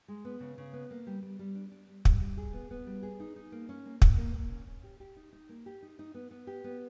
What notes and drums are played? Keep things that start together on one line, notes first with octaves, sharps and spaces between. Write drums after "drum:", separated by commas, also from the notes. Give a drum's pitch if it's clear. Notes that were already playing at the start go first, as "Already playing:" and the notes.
G#3
B3
C#3
C#3
B3
A#3
G3
G3
G3
D4
D4
G3
G3, drum: kick
G3
G#4
B3
B3
G3
G#4
D#4
D#4
A#3
C#4
A#3
A#3, drum: kick
A#3
A#3
C#4
C#4
G4
G4
D#4
D#4
A#3
G4
D#4
D#4
B3
B3
G4
B3